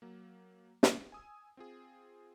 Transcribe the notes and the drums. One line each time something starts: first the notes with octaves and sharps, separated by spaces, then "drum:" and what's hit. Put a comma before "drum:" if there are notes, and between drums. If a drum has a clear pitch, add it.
F#3 A#3
drum: snare
G#5 D#6 E6
C4 F4 G#4